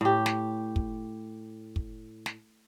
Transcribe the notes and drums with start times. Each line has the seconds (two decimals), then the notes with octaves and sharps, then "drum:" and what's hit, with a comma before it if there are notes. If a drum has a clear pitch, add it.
0.01 A2 G4
0.26 drum: snare
0.76 drum: kick
1.76 drum: kick
2.26 drum: snare